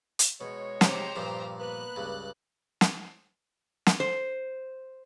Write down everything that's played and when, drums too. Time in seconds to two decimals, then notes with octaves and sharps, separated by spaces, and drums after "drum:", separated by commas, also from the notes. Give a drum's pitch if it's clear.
0.19 drum: hi-hat
0.41 B2 G#3 C#5
0.81 C3 G4 C5 A#5, drum: snare
1.16 G2 A#2 F3
1.60 A#3 B3 B4 F#6
1.96 C#2 G2
2.81 drum: snare
3.87 drum: snare
4.00 C5